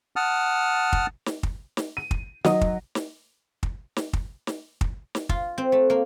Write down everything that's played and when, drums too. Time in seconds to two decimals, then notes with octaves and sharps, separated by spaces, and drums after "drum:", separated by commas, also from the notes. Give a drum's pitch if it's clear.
0.16 F#5 A5 D#6 F6
0.93 drum: kick
1.26 drum: snare
1.43 drum: kick
1.77 drum: snare
1.97 D#7
2.11 drum: kick
2.45 D#3 F#3 D#5, drum: snare
2.61 drum: kick
2.95 drum: snare
3.63 drum: kick
3.96 drum: snare
4.13 drum: kick
4.47 drum: snare
4.81 drum: kick
5.15 drum: snare
5.29 F4, drum: kick
5.58 C4
5.72 A3
5.90 A#3